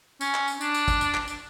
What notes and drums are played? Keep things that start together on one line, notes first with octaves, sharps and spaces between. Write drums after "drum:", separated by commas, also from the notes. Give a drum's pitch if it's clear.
C#4, drum: tambourine
drum: clap
drum: tambourine
D4, drum: tambourine
drum: tambourine
drum: kick, tambourine
drum: tambourine
drum: clap
drum: tambourine